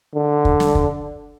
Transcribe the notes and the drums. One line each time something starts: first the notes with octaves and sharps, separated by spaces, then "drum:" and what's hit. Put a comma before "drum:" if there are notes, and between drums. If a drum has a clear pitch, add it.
D3
drum: kick
drum: snare
drum: kick